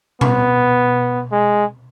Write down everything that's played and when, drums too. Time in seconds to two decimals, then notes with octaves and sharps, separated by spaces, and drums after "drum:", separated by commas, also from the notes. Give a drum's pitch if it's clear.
0.21 B3, drum: tom B2
1.32 G#3